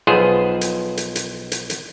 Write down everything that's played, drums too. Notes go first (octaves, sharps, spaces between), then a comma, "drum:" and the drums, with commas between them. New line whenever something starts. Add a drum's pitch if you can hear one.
B1 F3 B3 G#4 C5
drum: hi-hat
drum: hi-hat
drum: hi-hat
drum: hi-hat
drum: hi-hat